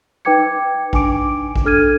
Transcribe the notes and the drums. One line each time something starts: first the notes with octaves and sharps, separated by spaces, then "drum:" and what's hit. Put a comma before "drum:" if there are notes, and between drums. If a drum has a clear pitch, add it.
D#4 B4 G5 D6 G#6 C#7
D4 G#5 D6 D7, drum: kick A#1
drum: kick A#1
D4 A4 F6 G#6 D#7